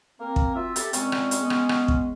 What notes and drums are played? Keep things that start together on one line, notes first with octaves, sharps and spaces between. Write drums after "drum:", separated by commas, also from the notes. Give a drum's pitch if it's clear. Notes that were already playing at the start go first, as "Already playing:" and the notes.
A#3 C4 A#4
drum: kick
F#3 C4 F4 E5
G4 A4, drum: hi-hat
A#2 G#3 C4 C#4, drum: hi-hat
drum: rim click
drum: hi-hat
G#3 B3
drum: rim click
drum: rim click
drum: kick